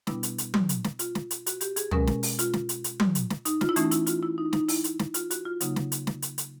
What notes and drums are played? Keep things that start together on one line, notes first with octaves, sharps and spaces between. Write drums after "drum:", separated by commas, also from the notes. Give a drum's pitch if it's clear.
B2 G3 B3 D4 E4, drum: snare
drum: hi-hat
drum: hi-hat
drum: tom F#3
drum: hi-hat
drum: snare
F4, drum: hi-hat
drum: snare
drum: hi-hat
F#4, drum: hi-hat
G4, drum: hi-hat
G#4, drum: hi-hat
B2 G#3 C#4 A#4, drum: tom
drum: snare
drum: open hi-hat
F4, drum: hi-hat
drum: snare
drum: hi-hat
drum: hi-hat
drum: tom F#3
drum: hi-hat
drum: snare
D#4, drum: hi-hat
F4, drum: snare
E4
E3 A3 C#4 D#4, drum: hi-hat
E4, drum: hi-hat
F4, drum: hi-hat
E4
D#4
D#4, drum: snare
E4, drum: open hi-hat
drum: hi-hat
drum: snare
F4, drum: hi-hat
F#4, drum: hi-hat
F4
C#3 F#3 A#3 D#4, drum: hi-hat
drum: snare
drum: hi-hat
drum: snare
drum: hi-hat
drum: hi-hat